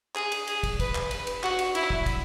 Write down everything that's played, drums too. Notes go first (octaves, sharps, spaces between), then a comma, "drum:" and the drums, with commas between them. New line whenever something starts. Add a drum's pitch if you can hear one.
G#4, drum: clap
drum: cymbal
G#4, drum: cymbal
drum: kick, cymbal
B4, drum: kick, cymbal
drum: clap
B4, drum: cymbal
drum: cymbal
F#4, drum: clap
drum: cymbal
E4, drum: cymbal
drum: kick
drum: kick, cymbal